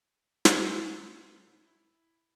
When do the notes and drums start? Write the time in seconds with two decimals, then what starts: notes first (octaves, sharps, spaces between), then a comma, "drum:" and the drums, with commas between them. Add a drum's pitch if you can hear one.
0.45 A#4, drum: snare
1.04 B5
1.47 A#2
1.67 E4